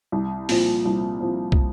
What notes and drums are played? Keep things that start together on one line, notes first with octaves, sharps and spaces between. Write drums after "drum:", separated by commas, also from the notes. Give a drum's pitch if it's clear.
C2
A#2 F3 C4, drum: open hi-hat
C2
A#2 F3 C4
drum: kick